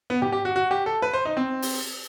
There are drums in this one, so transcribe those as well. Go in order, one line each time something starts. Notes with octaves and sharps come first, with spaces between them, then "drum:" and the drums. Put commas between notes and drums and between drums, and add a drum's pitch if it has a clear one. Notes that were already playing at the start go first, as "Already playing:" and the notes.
B3
G4, drum: tom G#2
G4
F#4
F#4
G4
A4
B4
C5
D#4
C4
drum: open hi-hat